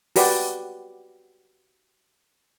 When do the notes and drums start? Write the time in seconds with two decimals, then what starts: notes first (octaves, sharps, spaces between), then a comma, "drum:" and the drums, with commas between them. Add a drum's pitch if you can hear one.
0.16 F#4 G4 B4 D5, drum: open hi-hat